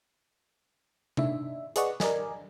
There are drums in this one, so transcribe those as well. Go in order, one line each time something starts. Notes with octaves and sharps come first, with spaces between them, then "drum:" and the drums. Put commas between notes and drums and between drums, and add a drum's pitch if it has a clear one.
D4 D#4 E5, drum: tom C3
G#4 B4 D5 D#5 F#5 C#6, drum: hi-hat
A#4 D5 D#5 G#5, drum: snare